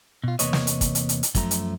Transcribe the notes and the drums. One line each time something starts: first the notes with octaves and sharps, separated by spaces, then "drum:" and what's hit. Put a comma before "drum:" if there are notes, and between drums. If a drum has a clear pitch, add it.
B2 F4
E2 C3 A#3 B4 C#5 D#5, drum: hi-hat
drum: snare
drum: hi-hat
drum: kick, hi-hat
drum: hi-hat
drum: hi-hat
drum: hi-hat
F#2 F3 A3 A#5, drum: kick, hi-hat
drum: hi-hat